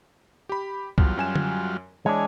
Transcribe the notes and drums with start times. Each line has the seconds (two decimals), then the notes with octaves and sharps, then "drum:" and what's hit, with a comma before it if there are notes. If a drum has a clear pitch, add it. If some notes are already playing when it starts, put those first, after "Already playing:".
0.49 G4 B5
0.98 E2 F#3 G3 F4, drum: kick
1.17 F#2 G#5 E7
1.36 drum: tom D3
2.06 E3 G#3 D4 C#5 G#5